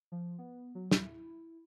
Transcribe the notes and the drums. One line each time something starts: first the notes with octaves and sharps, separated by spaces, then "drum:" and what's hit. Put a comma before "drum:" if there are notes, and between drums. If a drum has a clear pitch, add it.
F3
B3
F#3
E4, drum: snare